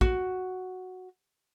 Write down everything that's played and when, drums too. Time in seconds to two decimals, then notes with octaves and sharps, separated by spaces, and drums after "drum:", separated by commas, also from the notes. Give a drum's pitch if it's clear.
0.01 F#4, drum: kick